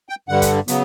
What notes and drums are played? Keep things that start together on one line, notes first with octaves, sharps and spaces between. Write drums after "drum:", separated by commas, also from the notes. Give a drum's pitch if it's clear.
G5
G2 D3 G3 F#5
drum: kick, hi-hat
C#3 F#3 B3, drum: hi-hat